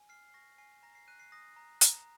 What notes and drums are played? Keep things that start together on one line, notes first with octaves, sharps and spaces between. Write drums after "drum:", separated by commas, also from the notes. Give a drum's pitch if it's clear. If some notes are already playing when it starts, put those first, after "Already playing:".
Already playing: G#5
F6 C7
C7
C#6 A#6
G#5 C7
A#5 A#6
C7
F#6 D#7
C7
D#6 A#6
A#5
A#5, drum: hi-hat